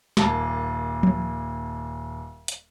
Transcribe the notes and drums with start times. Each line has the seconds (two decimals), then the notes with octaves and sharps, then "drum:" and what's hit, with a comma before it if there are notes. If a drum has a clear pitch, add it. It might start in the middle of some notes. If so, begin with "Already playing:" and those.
0.17 D#1 A#3 A5, drum: snare
1.03 drum: tom F3
2.48 drum: hi-hat